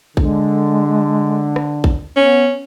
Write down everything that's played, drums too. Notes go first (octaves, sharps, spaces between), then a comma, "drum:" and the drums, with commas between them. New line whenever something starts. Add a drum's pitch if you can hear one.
D3 G#3, drum: kick A#1
drum: rim click
drum: kick A#1
B3 C#4